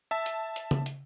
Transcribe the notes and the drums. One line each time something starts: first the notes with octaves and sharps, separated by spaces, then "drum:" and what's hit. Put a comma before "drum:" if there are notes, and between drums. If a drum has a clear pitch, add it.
E5 A5
drum: hi-hat
drum: hi-hat
drum: tom C#3
drum: hi-hat